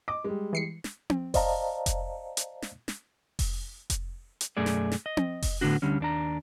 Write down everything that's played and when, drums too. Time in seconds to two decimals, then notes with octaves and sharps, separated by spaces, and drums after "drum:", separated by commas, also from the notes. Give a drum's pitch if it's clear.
0.08 D#5 D6
0.24 G3 G#3
0.53 E3 C7 C#7
0.84 drum: snare
1.10 drum: tom C4
1.34 C5 D5 D#5 F5 A5 A#5, drum: kick F1, open hi-hat
1.86 drum: kick F1, hi-hat
2.37 drum: hi-hat
2.62 drum: snare
2.88 drum: snare
3.39 drum: kick F1, open hi-hat
3.90 drum: kick F1, hi-hat
4.41 drum: hi-hat
4.57 B1 F#2 A3 G#4 D5
4.66 drum: snare
4.92 drum: snare
5.06 D#5
5.17 drum: tom C4
5.42 drum: kick F1, open hi-hat
5.61 A2 D3 A3 B3 D4 F#4
5.82 D2 D3 G3 C#4
6.00 D#2 D4 A#5